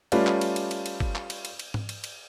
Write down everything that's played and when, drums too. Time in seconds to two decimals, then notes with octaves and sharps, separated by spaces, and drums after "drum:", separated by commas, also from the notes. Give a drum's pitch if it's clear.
0.12 G3 A3 C#4 F4 B4 D5, drum: cymbal
0.27 drum: clap
0.41 drum: cymbal
0.56 drum: cymbal
0.71 drum: cymbal
0.86 drum: cymbal
1.00 drum: kick G1
1.15 drum: clap
1.30 drum: cymbal
1.45 drum: cymbal
1.59 drum: cymbal
1.74 drum: tom G#2
1.89 drum: cymbal
2.04 drum: cymbal